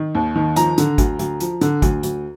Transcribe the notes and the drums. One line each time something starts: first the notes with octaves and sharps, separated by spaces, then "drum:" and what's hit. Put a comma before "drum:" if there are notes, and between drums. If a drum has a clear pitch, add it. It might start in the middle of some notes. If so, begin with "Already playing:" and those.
Already playing: D#3
D#2
D#3
F3 A#5, drum: hi-hat
D3, drum: hi-hat
D2, drum: kick G#1, hi-hat
D2, drum: hi-hat
F3, drum: hi-hat
D3, drum: hi-hat
D2, drum: kick G#1, hi-hat
D2, drum: hi-hat